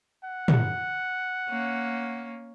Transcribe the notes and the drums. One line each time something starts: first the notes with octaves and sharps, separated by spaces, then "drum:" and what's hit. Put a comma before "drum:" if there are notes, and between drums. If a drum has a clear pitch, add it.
F#5
drum: tom
A#3 C#4